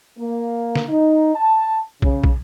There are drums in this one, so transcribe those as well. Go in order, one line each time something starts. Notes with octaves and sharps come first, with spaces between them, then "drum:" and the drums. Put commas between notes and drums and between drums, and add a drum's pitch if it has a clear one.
A#3
drum: snare
D#4
A5
C#3, drum: kick
drum: kick